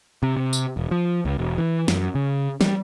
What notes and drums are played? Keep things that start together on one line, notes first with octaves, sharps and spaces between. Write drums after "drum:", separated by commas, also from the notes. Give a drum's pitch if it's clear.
C3
C3
drum: tambourine
E1
F3
C#2
E1
E3
F#2, drum: snare
C#3
G3, drum: snare